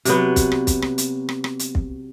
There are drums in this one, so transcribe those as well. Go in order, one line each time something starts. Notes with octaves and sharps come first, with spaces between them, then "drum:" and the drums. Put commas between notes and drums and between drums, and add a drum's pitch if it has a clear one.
C3 F#3 B3, drum: hi-hat
drum: kick, hi-hat
drum: rim click
drum: kick, hi-hat
drum: rim click
drum: hi-hat
drum: rim click
drum: rim click
drum: hi-hat
drum: kick